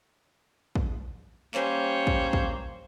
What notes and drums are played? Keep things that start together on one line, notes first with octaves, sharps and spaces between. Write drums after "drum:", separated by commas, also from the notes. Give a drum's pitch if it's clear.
drum: kick
G3 A#3 C#4 C5 C#5, drum: clap
drum: kick
drum: kick